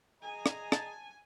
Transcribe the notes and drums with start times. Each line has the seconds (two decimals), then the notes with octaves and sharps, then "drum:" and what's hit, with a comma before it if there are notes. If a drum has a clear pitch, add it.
0.22 G#4 D#5 G#5 A#5
0.46 drum: rim click
0.72 A5, drum: rim click